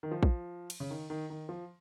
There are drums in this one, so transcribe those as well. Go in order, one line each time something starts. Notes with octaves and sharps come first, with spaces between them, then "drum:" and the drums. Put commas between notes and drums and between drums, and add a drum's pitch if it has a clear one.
D#3
F3
drum: kick A#1
drum: cymbal
C#3
D#3
D#3
D#3
F3